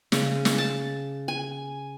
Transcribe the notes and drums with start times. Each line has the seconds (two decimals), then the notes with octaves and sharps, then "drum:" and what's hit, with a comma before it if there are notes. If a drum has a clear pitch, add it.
0.12 C#3, drum: snare
0.45 drum: snare
0.58 A5
1.28 G#5